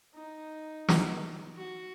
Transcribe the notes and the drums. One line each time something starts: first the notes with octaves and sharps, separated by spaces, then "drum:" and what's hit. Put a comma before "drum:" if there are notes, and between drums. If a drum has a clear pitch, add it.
D#4
drum: snare
F#4